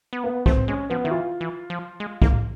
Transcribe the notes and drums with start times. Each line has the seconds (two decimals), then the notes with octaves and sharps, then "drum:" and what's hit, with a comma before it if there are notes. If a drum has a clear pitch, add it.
0.13 B3
0.23 A#3 B3
0.46 A3 C4, drum: kick C2
0.68 G#3 C#4
0.90 F3 B3
1.04 D#3 E4
1.11 E3 F4
1.41 E3
1.70 F3
2.00 G#3
2.22 A#3, drum: kick C2